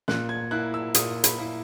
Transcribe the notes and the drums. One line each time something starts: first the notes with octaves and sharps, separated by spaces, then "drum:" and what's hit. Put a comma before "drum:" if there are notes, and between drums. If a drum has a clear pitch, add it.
A#2 F#6, drum: snare
G#6
A#3 E4 F#6
E6
A#2 D#6, drum: hi-hat
B5, drum: hi-hat
A#3 E4